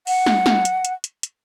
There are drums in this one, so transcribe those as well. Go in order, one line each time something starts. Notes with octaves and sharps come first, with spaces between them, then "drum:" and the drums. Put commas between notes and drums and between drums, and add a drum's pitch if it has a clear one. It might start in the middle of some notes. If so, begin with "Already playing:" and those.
F#5, drum: open hi-hat
drum: snare
drum: snare
drum: hi-hat
drum: hi-hat
drum: hi-hat
drum: hi-hat